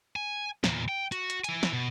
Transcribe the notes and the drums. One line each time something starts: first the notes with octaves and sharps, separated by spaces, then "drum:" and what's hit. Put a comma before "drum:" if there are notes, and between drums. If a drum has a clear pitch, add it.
G#5
E2 A#2, drum: snare
G5
F#4, drum: hi-hat
drum: hi-hat
E4 G#5, drum: hi-hat
drum: snare
B2